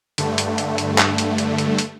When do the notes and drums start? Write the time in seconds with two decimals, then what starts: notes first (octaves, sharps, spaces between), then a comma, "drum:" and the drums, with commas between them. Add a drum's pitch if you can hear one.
0.18 G2 D3 A3, drum: hi-hat
0.38 drum: hi-hat
0.58 drum: hi-hat
0.78 drum: hi-hat
0.98 drum: clap
1.18 drum: hi-hat
1.38 drum: hi-hat
1.58 drum: hi-hat
1.79 drum: hi-hat